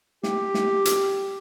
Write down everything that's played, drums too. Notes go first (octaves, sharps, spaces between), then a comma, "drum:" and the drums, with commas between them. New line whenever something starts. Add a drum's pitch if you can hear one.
G4, drum: snare
drum: snare
drum: hi-hat